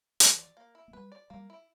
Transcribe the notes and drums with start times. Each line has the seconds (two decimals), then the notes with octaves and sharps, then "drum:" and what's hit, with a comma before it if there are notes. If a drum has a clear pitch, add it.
0.20 E3 B4, drum: hi-hat
0.39 D5
0.57 A#3
0.75 E4
0.88 A#3
0.93 G3 B4
1.12 D5
1.30 G3 A#3
1.50 E4